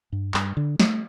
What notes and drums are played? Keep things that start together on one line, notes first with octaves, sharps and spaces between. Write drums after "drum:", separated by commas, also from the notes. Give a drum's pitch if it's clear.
G2
G2, drum: clap
D3
A3, drum: snare